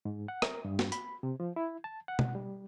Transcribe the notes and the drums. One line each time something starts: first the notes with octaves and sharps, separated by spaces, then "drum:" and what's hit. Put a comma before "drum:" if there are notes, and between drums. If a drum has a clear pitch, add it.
G#2
F#5
A#4, drum: rim click
G2
drum: snare
B5, drum: hi-hat
C3
F3
E4
A5
F#5
drum: tom B2
G3